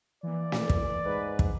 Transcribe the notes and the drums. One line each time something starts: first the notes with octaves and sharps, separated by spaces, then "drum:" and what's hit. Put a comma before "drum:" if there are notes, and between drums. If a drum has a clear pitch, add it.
E3 A#3 D5
drum: snare
drum: kick
G#2 B4
drum: kick